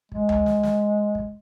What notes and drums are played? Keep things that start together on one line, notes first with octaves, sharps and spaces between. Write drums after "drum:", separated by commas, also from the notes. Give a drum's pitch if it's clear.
G#3, drum: kick
drum: tom C#2
drum: snare
drum: snare
drum: kick